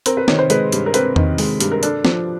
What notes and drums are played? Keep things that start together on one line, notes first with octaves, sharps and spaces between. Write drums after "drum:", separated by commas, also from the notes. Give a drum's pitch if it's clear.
C4 A#4, drum: hi-hat
B4
D#3 C#5, drum: snare
C5
G#3 B4, drum: hi-hat
G2, drum: hi-hat
A#4
C4 B4, drum: hi-hat
D#3, drum: tom E2
G#3, drum: open hi-hat
G2, drum: hi-hat
A#4
D4 A4, drum: hi-hat
F3, drum: snare